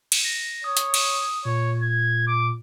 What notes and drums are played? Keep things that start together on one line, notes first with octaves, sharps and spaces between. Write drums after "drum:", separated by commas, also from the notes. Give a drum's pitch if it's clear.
drum: cymbal
A#6
C#5 D#6
drum: hi-hat
drum: cymbal
A#2 C#5
G#6
D6